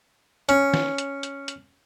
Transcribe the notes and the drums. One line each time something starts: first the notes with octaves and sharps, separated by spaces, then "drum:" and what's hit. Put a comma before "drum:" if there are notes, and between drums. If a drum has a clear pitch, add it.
C#4, drum: hi-hat
drum: snare
drum: hi-hat
drum: hi-hat
drum: hi-hat